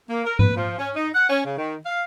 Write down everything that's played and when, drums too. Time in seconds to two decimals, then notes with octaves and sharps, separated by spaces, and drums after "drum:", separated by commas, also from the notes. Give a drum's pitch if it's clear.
0.10 A#3
0.25 A#4
0.39 B4, drum: tom G#2
0.56 F3
0.79 C#4
0.95 D#4
1.14 F#5
1.30 C#4
1.44 C#3
1.57 D#3
1.86 F5